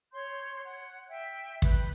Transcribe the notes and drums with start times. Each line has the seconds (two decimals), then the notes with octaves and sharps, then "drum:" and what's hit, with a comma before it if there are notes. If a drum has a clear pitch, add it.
0.12 C#5 C6 G6
0.64 F#5
1.09 E5 G5
1.62 B4 G6, drum: kick